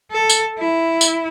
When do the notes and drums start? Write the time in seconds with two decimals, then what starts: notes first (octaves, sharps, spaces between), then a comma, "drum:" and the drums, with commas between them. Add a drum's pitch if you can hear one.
0.12 A4
0.30 drum: tambourine
0.58 E4
1.01 drum: tambourine